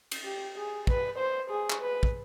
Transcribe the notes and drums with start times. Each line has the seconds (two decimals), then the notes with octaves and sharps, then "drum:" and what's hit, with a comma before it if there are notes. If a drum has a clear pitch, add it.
0.11 drum: cymbal
0.24 G4
0.56 G#4
0.87 B4, drum: kick
1.18 C5
1.50 G#4
1.70 drum: clap
1.81 B4
2.03 drum: kick